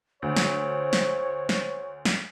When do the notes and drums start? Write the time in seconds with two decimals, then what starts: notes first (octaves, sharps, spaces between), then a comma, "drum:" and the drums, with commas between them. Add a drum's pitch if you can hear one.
0.22 D2 C5 C#5
0.36 drum: snare
0.93 drum: snare
1.49 drum: snare
2.05 drum: snare